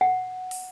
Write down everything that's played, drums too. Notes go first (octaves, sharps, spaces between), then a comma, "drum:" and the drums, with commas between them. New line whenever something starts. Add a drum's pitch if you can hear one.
F#5
drum: open hi-hat